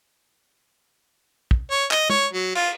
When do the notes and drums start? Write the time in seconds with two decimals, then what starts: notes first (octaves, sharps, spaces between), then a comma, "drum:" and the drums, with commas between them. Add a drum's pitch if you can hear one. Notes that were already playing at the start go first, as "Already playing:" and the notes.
1.51 drum: kick
1.71 C#5
1.91 D#5, drum: clap
2.10 C#5, drum: tom
2.33 F#3
2.55 F4, drum: cymbal